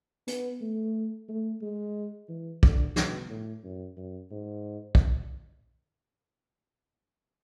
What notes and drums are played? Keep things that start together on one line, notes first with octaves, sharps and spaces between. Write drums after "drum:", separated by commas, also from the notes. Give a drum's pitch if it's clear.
B3, drum: hi-hat
A3
A3
G#3
E3
D3, drum: kick
B2, drum: snare
A2
F#2
F#2
G#2
drum: kick